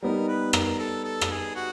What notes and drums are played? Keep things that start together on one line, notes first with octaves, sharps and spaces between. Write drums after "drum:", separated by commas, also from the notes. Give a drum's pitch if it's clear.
G3 B3 D#4 A#4
B4
A#4, drum: rim click
A4
A4
drum: rim click
G#4
F#4